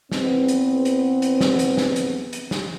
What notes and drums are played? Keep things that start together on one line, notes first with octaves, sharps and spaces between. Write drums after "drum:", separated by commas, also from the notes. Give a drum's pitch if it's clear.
E2 B3 C4, drum: snare
drum: hi-hat
drum: hi-hat
drum: hi-hat
drum: snare
drum: hi-hat
drum: snare
drum: hi-hat
drum: hi-hat
drum: snare